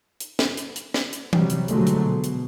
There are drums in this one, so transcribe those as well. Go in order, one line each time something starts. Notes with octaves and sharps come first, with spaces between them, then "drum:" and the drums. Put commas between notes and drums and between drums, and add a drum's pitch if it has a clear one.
drum: hi-hat
drum: snare
drum: hi-hat
drum: hi-hat
drum: snare
drum: hi-hat
C3 F#3 G3, drum: tom E3
drum: hi-hat
B2 D3 F3 F#3 G#3 A3, drum: hi-hat
drum: hi-hat
B2
drum: hi-hat